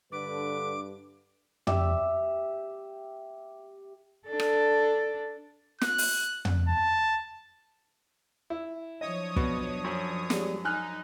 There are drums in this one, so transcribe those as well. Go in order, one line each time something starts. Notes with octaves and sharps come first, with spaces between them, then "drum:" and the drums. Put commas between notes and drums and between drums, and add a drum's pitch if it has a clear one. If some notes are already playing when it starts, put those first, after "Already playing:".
G2 D3 B4 D6
G4 E5, drum: tom
D4 A4
drum: rim click
F#6, drum: snare
drum: open hi-hat
drum: tom
A5
E4
F3 F#3 D4 C#5 D#5 D#6
B2, drum: kick
F#2
G3 G#3, drum: snare
D#4 G#5 F6 F#6